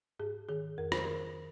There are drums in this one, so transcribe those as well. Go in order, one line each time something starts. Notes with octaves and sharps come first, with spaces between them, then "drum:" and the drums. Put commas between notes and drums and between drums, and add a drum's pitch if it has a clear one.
G#2 G#4
D#3 G#4
F2 A#4
C5, drum: rim click
D#3 A#4